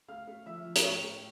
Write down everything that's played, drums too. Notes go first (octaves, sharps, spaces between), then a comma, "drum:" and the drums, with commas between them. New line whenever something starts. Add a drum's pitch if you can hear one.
A3 F5 F6
A3
F3 E5 E6
F3
A#5, drum: hi-hat
A2 C#5 C#6
G5
A3